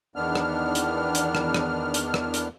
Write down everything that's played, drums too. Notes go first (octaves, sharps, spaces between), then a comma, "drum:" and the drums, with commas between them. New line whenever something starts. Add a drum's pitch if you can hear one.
E2 D#3 B3 D4 F6
drum: rim click
drum: hi-hat
drum: hi-hat
drum: rim click
drum: rim click
drum: hi-hat
drum: rim click
drum: hi-hat